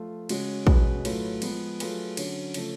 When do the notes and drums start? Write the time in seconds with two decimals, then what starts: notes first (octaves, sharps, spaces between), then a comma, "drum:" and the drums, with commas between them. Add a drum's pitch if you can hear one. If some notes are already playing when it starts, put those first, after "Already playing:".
Already playing: F3 A3 F4
0.29 C#3 G#3 C#4 F#4, drum: cymbal
0.67 B2 G#3 C#4 G#4 B4, drum: kick
1.05 A2 F#3 A3 F4 B4, drum: cymbal
1.42 F3 G#3 B3, drum: cymbal
1.80 F#3 A3 F4 G#4 B4, drum: cymbal
2.17 D3 F#3 C#4, drum: cymbal
2.54 C#3 F3 A3, drum: cymbal